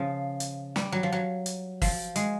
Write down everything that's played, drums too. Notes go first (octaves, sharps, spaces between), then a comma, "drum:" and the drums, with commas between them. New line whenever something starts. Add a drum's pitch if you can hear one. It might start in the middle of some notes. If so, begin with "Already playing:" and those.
Already playing: C#3 F3
drum: hi-hat
G3, drum: snare
F#3
F3
F#3
drum: hi-hat
F3, drum: kick, open hi-hat
G#3, drum: hi-hat